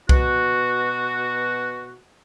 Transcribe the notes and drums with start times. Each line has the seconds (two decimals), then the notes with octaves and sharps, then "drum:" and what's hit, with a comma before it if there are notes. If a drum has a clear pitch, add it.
0.09 B2 F#4, drum: kick C2